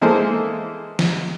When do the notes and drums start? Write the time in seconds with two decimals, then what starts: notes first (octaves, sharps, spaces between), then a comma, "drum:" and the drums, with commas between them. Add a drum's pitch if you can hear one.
0.01 E3 G#3 A#3 A4 C5
0.99 drum: snare